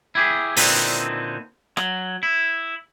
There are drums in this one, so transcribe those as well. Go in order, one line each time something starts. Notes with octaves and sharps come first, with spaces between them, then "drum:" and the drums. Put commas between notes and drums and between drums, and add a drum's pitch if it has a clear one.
E4 G4 G#4
A#2 D3 C4 D#4 E4 B4, drum: open hi-hat
F#3, drum: rim click
E4